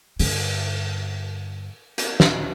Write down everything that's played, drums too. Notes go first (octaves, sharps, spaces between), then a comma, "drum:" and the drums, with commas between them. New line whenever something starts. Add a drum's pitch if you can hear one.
G2 D3, drum: open hi-hat
drum: hi-hat
drum: snare